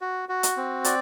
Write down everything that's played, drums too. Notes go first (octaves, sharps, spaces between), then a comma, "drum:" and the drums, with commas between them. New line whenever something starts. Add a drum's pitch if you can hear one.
F#4
F#4
drum: hi-hat
C4
D5, drum: hi-hat